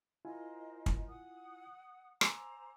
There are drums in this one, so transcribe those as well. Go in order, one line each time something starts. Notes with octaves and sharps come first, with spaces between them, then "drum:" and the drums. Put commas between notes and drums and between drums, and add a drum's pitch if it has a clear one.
E4 F4 A#4 C5 D#5 G#5
drum: kick
F#5 D#6
C5 G#5 A#5 D6 E6, drum: rim click